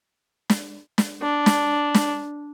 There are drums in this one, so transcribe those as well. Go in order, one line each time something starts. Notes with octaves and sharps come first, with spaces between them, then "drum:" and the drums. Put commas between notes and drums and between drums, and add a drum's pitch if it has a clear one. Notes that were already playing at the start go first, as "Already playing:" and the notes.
drum: snare
drum: snare
D4
drum: snare
drum: snare